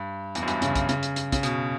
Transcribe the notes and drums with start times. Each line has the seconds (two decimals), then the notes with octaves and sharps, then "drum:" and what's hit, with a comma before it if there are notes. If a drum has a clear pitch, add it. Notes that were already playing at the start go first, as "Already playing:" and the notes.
Already playing: G2
0.35 E2, drum: hi-hat
0.42 F#2
0.48 G2, drum: hi-hat
0.62 C#3, drum: hi-hat
0.76 drum: kick, hi-hat
0.89 C#3, drum: hi-hat
1.03 drum: hi-hat
1.16 drum: hi-hat
1.32 C#3, drum: kick, hi-hat
1.43 B2, drum: hi-hat